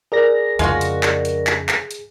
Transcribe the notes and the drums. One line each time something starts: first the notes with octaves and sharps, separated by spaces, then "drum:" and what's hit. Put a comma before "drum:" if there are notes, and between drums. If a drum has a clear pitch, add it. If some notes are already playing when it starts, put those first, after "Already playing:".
G#4 A#4 D5 A#6
F2 C#3 G#3 F4 F#4, drum: hi-hat
drum: hi-hat
drum: clap
drum: hi-hat
drum: clap
drum: clap
drum: hi-hat